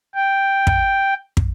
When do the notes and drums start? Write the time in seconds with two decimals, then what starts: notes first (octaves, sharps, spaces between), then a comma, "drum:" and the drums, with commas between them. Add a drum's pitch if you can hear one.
0.14 G5
0.67 drum: kick
1.37 drum: kick